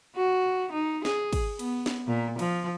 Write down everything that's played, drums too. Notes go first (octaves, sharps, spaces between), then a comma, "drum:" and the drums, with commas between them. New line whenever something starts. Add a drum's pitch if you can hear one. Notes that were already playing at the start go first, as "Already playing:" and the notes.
F#4
D#4
G#4, drum: snare
drum: kick, cymbal
B3, drum: cymbal
drum: snare
A#2
F3, drum: cymbal